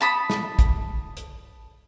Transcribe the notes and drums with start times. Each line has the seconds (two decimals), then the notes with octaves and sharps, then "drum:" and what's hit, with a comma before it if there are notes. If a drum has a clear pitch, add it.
0.01 A5 B5 D#6
0.30 drum: snare
0.59 drum: kick, hi-hat
1.17 drum: hi-hat